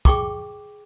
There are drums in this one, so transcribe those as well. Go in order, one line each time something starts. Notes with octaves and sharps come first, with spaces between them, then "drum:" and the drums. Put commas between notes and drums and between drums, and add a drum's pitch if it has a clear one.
G#4 G5 C#6 D6, drum: kick